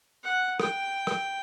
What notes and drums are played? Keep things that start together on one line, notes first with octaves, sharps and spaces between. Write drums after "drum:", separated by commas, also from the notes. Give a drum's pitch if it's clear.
F#5
G5, drum: rim click
drum: rim click